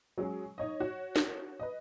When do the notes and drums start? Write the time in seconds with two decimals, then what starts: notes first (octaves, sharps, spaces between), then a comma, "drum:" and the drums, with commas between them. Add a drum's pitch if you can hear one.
0.18 F#3 G#3 C#4 G#4
0.58 D#4 C#5 D#5
0.80 F#4 C#5
1.16 drum: snare
1.59 B4 D#5